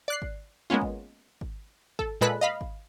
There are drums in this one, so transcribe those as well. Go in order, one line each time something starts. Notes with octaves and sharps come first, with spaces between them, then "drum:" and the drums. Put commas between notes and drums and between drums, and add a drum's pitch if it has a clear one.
D5 F#6 C7
drum: kick G#1
G#3 A#3 B3 C#4 F4
drum: kick G#1
drum: kick G#1
A4, drum: kick G#1
A#2 G#3 A4 B4 B5 F#6
D#5 F5 B5
drum: kick G#1